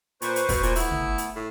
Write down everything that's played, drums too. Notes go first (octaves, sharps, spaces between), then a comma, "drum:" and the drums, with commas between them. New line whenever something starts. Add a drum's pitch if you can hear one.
A#2 B4 C5 C#6, drum: hi-hat
drum: hi-hat
B2, drum: kick, open hi-hat
A#2, drum: hi-hat
A3 B3 E4, drum: open hi-hat
drum: tom
drum: hi-hat
A2